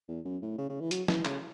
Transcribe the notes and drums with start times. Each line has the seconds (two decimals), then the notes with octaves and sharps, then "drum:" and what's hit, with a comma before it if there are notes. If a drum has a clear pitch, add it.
0.08 E2
0.25 F#2
0.42 A2
0.58 C#3
0.69 C#3
0.80 E3
0.91 F#3, drum: hi-hat
1.08 E3, drum: snare
1.25 C#3, drum: clap